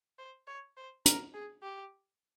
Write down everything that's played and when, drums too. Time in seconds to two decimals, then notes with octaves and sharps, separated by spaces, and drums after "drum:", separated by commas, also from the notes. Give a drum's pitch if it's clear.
0.19 C5
0.48 C#5
0.77 C5
1.06 A#4, drum: hi-hat
1.34 G#4
1.63 G4